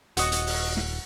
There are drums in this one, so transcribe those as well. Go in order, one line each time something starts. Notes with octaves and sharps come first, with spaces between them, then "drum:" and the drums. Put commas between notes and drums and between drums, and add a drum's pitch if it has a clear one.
D#1 F#4 C#5 D#5 C#6, drum: hi-hat
drum: hi-hat
drum: open hi-hat
drum: snare